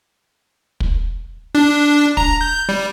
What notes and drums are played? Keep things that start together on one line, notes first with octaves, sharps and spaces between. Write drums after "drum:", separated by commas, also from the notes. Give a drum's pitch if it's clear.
drum: kick
D4
A#5, drum: kick
G6
G3